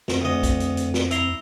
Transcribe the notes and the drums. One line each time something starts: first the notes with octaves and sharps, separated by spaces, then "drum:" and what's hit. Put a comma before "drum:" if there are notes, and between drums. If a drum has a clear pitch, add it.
F2 C4, drum: snare
D2 D#5
drum: kick, hi-hat
drum: hi-hat
drum: hi-hat
drum: snare
E4 A#5 C6, drum: hi-hat